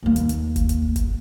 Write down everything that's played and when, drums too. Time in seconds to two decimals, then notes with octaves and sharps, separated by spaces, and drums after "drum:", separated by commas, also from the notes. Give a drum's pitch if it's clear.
0.03 D#2 A#3
0.16 drum: hi-hat
0.29 drum: hi-hat
0.56 drum: kick F#1, hi-hat
0.69 drum: hi-hat
0.96 drum: kick F#1, hi-hat